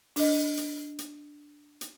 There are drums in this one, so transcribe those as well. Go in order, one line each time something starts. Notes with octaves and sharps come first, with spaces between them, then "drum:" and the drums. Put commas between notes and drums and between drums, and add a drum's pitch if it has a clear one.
D4 D#5, drum: open hi-hat
drum: hi-hat
drum: hi-hat
drum: hi-hat